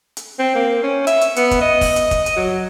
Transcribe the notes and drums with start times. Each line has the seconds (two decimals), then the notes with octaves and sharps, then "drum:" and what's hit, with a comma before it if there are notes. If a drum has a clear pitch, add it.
0.17 drum: hi-hat
0.39 C4
0.55 A#3
0.83 C#4
1.07 E5, drum: hi-hat
1.21 drum: hi-hat
1.36 B3, drum: hi-hat
1.51 drum: kick, hi-hat
1.61 D#5
1.81 drum: kick, open hi-hat
1.96 drum: hi-hat
2.11 drum: kick, hi-hat
2.26 drum: hi-hat
2.36 F#3